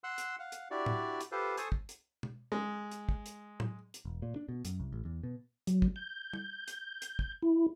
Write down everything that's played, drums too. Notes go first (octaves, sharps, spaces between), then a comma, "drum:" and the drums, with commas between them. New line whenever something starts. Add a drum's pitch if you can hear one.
F#5 C6 E6 F#6
drum: hi-hat
F5 F#5
drum: hi-hat
D4 E4 F#4 G4 D5
drum: tom A2
drum: hi-hat
F4 G4 A4 B4 C5
A4 C5 G#5 A5 C#6 D#6, drum: hi-hat
drum: kick
drum: hi-hat
drum: tom B2
G#3
drum: hi-hat
drum: kick
drum: hi-hat
drum: tom A2
drum: hi-hat
E1
A#2
D4
B2
F#2, drum: hi-hat
C2
A1
E2
B2
F#3, drum: hi-hat
drum: kick
G6
drum: tom
drum: hi-hat
drum: hi-hat
drum: kick
E4